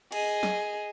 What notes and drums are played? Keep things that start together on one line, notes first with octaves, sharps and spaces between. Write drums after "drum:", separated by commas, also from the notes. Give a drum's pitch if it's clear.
G#4 D#5, drum: cymbal
drum: snare